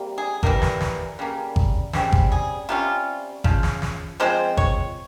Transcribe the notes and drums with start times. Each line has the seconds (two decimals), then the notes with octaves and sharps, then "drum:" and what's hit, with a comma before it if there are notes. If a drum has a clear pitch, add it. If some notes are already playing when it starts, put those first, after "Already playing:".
Already playing: C3 G3 A#3
0.18 G#4
0.43 E3 G3 A#3 A#4, drum: kick G#1
0.62 drum: snare
0.81 drum: snare
1.19 C#3 G3 A#3
1.56 drum: kick G#1
1.93 C#3 G3 C4, drum: snare
2.12 drum: kick G#1
2.32 G#4
2.69 C3 G3 C#4 F4
3.44 C#3 F3, drum: kick G#1
3.63 drum: snare
3.82 drum: snare
4.20 F3 G#3 C4 C5
4.57 C#5, drum: kick G#1